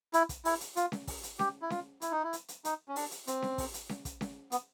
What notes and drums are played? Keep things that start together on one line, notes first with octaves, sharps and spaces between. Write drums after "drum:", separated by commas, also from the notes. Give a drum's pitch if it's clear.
E4, drum: hi-hat
drum: kick, hi-hat
E4, drum: open hi-hat
drum: hi-hat
F4, drum: hi-hat
drum: snare C#4
drum: kick, open hi-hat
drum: hi-hat
G4, drum: snare C#4
E4
F4, drum: snare C#4
E4, drum: hi-hat
D#4
E4
drum: hi-hat
drum: hi-hat
D#4, drum: hi-hat
C#4
D4, drum: open hi-hat
drum: hi-hat
C4, drum: hi-hat
drum: snare C#4
drum: kick, open hi-hat
drum: hi-hat
drum: snare C#4
drum: kick, hi-hat
drum: snare C#4
B3, drum: hi-hat